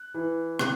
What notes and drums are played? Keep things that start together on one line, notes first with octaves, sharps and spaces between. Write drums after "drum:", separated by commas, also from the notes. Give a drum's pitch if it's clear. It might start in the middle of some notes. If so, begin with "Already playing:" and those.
Already playing: F#6
E3
C3 F#6, drum: rim click